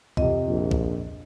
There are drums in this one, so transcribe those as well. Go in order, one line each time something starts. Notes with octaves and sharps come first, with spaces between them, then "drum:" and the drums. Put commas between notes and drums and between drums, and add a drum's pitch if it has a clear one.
F2 C3 D#5, drum: kick
A#1
drum: kick